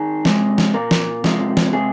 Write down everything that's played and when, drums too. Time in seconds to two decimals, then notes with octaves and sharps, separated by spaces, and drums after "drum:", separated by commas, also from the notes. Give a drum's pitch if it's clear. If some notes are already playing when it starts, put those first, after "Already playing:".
Already playing: D#3 G#4
0.25 C3 G#3, drum: snare
0.58 drum: snare
0.74 A#2 A#3 A#4
0.91 drum: snare
1.24 C3 F3 G#3, drum: snare
1.57 drum: snare
1.73 C3 G#3 G#4